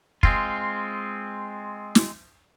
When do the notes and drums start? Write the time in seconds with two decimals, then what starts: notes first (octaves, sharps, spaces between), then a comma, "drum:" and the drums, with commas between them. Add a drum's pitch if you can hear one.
0.23 G#3 C4 F4, drum: kick
1.95 drum: snare